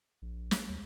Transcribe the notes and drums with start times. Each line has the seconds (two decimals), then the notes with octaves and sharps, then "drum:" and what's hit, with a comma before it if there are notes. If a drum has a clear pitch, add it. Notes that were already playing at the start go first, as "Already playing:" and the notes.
0.22 A#1
0.51 drum: snare
0.70 D#2